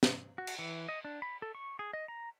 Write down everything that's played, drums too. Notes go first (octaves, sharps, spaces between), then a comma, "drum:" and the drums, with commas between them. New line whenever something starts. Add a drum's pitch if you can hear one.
drum: snare
F#4
drum: cymbal
E3
D#5
D4
B5
A4
C#6
G#4
D#5
A#5